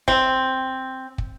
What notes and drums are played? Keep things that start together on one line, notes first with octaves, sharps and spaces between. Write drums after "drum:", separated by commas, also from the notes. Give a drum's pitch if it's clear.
C4, drum: kick
drum: kick